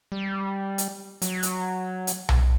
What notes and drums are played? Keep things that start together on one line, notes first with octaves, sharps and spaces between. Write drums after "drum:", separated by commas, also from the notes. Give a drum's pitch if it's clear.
G3
drum: hi-hat
F#3, drum: hi-hat
drum: hi-hat
drum: hi-hat
drum: tom B1